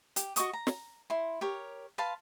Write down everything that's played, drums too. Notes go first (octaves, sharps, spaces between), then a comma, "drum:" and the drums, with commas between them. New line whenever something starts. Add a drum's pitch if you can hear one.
G4, drum: hi-hat
F#4 D#5 C#6 D#6, drum: hi-hat
A#5
drum: snare
E4 C6
G4 A#4 C#5
B4 F5 A5 C6